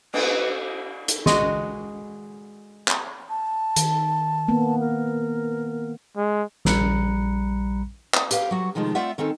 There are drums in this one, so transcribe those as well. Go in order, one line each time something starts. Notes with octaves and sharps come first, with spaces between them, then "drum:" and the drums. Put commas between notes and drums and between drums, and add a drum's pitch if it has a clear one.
B4, drum: cymbal
drum: hi-hat
G#3 F#4 D#5, drum: snare
drum: clap
A5
D#3, drum: hi-hat
A#3 B3
A#4
G#3
A#1 G3 A#5 B5 F#6 C#7, drum: snare
drum: clap
G4 B4 F5 G5, drum: hi-hat
F#3 F#4
C3 D#3 F3 G#3 A3
A3 C4 F4 D5 E5 F#5
D#3 C4 C#4 A4